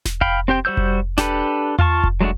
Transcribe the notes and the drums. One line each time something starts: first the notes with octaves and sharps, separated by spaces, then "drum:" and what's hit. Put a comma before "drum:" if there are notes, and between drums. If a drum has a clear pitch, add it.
drum: snare E1
F5 G5 B5, drum: kick F1
C4 G4 C5 G5
G3 F#4 C5 E6 G6
drum: kick F1
D4 G4 A4 B4, drum: snare E1
F4 F5 A5 C#6, drum: tom E2
drum: kick F1
F#3 G#3 A3 D4 F#4